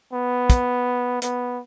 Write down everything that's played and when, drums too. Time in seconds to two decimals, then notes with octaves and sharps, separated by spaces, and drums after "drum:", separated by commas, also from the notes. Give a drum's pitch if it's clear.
0.13 B3
0.50 drum: kick, hi-hat
1.22 B3, drum: hi-hat